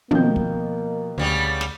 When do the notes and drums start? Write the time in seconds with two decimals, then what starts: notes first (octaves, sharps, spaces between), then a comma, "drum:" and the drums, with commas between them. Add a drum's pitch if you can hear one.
0.11 B2 D#3 F3 A#3 G6, drum: tom
0.36 drum: kick
1.18 D2 C#3 G3 B3
1.61 drum: snare